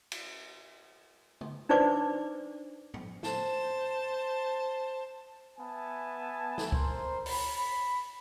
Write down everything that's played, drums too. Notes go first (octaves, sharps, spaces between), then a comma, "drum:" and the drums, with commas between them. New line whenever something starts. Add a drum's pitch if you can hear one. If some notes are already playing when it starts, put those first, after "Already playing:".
drum: cymbal
drum: tom
D4 D#4 B4 C5 D5 D6
drum: tom
C5 A5, drum: snare
B3 E5 G#5 A5
drum: snare
A#4 C5, drum: kick C#2
B5, drum: open hi-hat